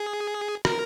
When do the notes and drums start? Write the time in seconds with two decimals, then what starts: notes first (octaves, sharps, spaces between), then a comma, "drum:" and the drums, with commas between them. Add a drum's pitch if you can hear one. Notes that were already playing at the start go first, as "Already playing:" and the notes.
Already playing: G#4
0.65 A#4, drum: rim click